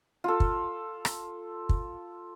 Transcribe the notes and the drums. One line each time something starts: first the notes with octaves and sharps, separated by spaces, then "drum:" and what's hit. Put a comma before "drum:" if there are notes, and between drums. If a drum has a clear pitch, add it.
F4 A4
drum: kick
drum: rim click
drum: kick